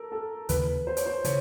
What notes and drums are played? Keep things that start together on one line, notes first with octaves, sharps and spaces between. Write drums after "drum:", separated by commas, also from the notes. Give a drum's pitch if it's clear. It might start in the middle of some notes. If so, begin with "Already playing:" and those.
Already playing: A4 A#4
A4
D#2 C#3 E3 B4, drum: hi-hat
C5
C#5, drum: hi-hat
C5
C#3 E3 C#5, drum: hi-hat